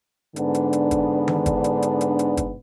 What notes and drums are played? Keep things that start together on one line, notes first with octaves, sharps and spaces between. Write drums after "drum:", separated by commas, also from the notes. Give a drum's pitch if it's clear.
G#2 D3 B3 D4, drum: hi-hat
drum: hi-hat
drum: hi-hat
drum: kick, hi-hat
drum: tom D#3
drum: kick, hi-hat
drum: hi-hat
drum: hi-hat
drum: hi-hat
drum: hi-hat
drum: kick, hi-hat